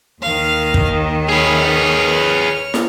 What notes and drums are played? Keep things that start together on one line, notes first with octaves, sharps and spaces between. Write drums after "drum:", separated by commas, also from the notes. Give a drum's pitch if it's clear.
D#2 D#3 F5
drum: kick
G#4 B4 C#5 F6
drum: snare